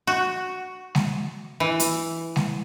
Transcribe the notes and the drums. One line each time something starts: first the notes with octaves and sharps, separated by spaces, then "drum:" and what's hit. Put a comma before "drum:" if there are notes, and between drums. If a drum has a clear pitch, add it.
F#4
drum: snare G#3
E3
drum: hi-hat
drum: snare G#3